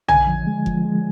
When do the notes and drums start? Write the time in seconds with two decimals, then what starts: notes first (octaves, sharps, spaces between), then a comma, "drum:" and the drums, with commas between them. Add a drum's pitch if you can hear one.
0.08 D3 G#5, drum: tom
0.27 F3
0.47 G#3
0.66 F3, drum: kick F1
0.85 G#3